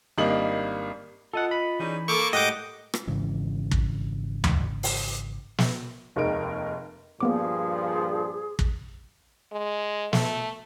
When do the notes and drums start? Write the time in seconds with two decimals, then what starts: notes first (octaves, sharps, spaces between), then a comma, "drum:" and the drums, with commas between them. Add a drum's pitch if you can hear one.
0.18 G#1 G3 A#3 D4 D#5 F#7
1.33 F4 A4 D#5 F#5
1.51 B5
1.79 C#3 E3 G3 D#4
2.08 A#3 A4 C#6 D6
2.33 A2 G#3 G4 D#5 F#5 D6 G6
2.94 drum: rim click
3.08 G#1 G#2 C#3 E3
3.71 drum: kick
4.44 drum: tom D2
4.83 drum: open hi-hat
5.58 drum: snare
6.16 F1 D#2 G#3 D#4 A#4 D7
7.21 G2 A#2 F3 A#3 B3 G#4 D6
8.59 drum: kick
9.52 G#3
10.13 A3, drum: snare